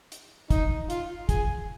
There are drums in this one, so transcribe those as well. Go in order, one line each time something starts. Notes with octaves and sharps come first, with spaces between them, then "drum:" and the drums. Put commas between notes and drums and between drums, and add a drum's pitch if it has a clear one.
drum: hi-hat
D#4, drum: kick, hi-hat
F4, drum: hi-hat
G#4, drum: kick, hi-hat